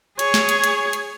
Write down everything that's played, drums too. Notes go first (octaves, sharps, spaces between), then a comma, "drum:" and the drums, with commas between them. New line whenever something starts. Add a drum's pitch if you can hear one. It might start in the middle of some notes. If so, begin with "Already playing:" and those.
G#4 C#5, drum: hi-hat
drum: snare
drum: hi-hat
drum: hi-hat
drum: hi-hat